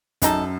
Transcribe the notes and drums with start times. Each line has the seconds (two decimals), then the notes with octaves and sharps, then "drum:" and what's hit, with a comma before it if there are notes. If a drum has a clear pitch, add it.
0.22 F#2 G#3 D#4 A4, drum: kick, hi-hat